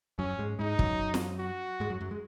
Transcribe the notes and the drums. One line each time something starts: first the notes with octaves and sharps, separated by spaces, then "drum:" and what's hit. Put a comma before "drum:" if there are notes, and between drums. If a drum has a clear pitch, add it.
F#2 F#3 C#4
G#2 G#3
G#2 G#3 D#4
F#2 F#3, drum: kick
drum: snare
F#4
G#2 G#3
F#2 F#3
F#2 F#3
G#3